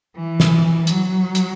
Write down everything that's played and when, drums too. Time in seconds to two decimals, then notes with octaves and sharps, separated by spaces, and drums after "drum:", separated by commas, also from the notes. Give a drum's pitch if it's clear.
0.16 E3
0.40 drum: snare
0.87 F#3, drum: hi-hat
1.35 drum: hi-hat